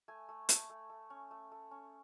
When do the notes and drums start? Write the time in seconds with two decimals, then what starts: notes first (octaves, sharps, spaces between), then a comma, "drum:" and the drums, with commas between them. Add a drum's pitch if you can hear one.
0.08 A3 G#5
0.29 A3
0.49 A3, drum: hi-hat
0.70 A3
0.90 A3
1.10 C#4
1.31 A3
1.51 A3
1.71 C#4